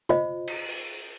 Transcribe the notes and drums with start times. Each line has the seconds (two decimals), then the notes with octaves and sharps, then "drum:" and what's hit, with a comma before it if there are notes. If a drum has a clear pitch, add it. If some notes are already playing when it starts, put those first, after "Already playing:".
0.09 F4 C5 D#5, drum: tom C3
0.47 drum: cymbal
0.68 drum: open hi-hat